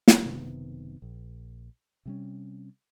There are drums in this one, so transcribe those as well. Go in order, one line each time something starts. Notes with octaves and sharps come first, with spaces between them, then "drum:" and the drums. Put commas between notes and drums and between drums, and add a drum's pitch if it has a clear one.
drum: snare
F#1 C3 D#3 B3
A#1
C3 G3 C#4